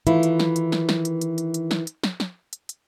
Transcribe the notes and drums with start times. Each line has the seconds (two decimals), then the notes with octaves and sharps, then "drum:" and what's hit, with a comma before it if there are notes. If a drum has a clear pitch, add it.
0.07 D#3 E3 A3 E4 F4, drum: hi-hat
0.23 drum: hi-hat
0.39 drum: snare
0.56 drum: hi-hat
0.72 drum: snare
0.89 drum: snare
1.05 drum: hi-hat
1.21 drum: hi-hat
1.38 drum: hi-hat
1.54 drum: hi-hat
1.71 drum: snare
1.87 drum: hi-hat
2.04 drum: snare
2.20 drum: snare
2.53 drum: hi-hat
2.69 drum: hi-hat